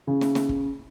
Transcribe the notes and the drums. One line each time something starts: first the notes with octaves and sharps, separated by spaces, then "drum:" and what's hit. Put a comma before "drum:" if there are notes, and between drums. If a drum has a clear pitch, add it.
C#3
drum: snare
drum: snare
drum: kick